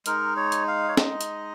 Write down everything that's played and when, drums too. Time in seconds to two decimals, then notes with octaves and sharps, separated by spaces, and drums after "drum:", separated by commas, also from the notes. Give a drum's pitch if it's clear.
0.06 G#3 D#4 A#4, drum: hi-hat
0.36 C#5
0.52 drum: hi-hat
0.68 F5
0.88 C#5
0.97 D#5, drum: snare C#4
1.21 drum: hi-hat